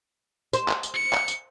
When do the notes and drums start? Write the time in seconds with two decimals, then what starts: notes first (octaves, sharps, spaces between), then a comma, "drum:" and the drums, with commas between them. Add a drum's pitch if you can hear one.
0.53 C5, drum: tambourine
0.68 drum: clap
0.83 drum: tambourine
0.94 C#7
1.13 drum: clap
1.28 drum: tambourine